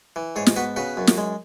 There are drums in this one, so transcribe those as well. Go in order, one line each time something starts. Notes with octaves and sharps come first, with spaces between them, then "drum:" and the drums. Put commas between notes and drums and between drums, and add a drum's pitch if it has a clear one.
E3
G#2 G#4 C#5
drum: snare
B3 F#4 B4
C#3 F#4 B4
F#2
drum: snare
G#3